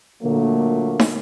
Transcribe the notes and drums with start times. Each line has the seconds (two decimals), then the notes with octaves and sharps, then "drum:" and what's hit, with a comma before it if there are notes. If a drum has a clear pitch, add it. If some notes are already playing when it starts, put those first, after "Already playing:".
0.22 A#2 D3 F#3 A3 A#3
1.00 drum: snare